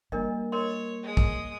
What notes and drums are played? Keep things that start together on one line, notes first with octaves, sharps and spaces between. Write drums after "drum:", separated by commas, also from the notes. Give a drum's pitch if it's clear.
G3 A#3 D4 A#4 D#5
A#4 C#5 D#5 C6
G#3 D#6
drum: kick